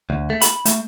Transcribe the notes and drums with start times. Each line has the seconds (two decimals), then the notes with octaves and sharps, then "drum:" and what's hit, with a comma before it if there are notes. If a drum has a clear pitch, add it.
0.10 D2
0.30 A3
0.41 B5, drum: hi-hat
0.65 A3, drum: hi-hat